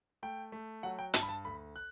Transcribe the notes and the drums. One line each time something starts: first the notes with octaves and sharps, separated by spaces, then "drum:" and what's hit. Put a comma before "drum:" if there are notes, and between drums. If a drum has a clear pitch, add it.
A3 G5
A3
F#3 F#5
G5
G2 A5, drum: hi-hat
B5
A5
D2 B5
F#6